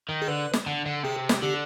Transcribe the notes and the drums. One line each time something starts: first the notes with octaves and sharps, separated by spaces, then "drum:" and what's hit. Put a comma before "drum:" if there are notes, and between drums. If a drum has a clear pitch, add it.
D#3
G#4
D3 B4
drum: snare
D3
D3
C3 G#4
drum: snare
D3 G4